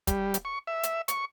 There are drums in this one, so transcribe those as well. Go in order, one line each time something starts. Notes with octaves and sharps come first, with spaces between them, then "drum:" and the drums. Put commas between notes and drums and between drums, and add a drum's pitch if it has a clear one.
G3, drum: kick, hi-hat
drum: hi-hat
C#6
E5
drum: hi-hat
C#6, drum: hi-hat